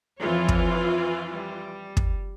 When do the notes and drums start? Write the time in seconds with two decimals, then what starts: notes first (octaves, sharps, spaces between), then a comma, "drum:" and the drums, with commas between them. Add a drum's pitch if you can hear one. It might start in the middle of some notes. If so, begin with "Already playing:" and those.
0.19 F2 E3 F3 F4 C#5
0.48 drum: kick
1.32 G3
1.97 drum: kick